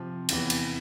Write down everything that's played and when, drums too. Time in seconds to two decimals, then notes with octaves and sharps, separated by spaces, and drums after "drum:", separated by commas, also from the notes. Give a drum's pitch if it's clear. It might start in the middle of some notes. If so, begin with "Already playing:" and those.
Already playing: C3 F3 C4
0.29 E2 C3 E3 B3, drum: cymbal
0.50 drum: cymbal